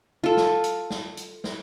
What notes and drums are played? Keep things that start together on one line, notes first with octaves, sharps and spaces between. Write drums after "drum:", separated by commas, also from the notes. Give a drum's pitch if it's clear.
F4 A4
drum: snare
drum: hi-hat
drum: snare
drum: hi-hat
drum: snare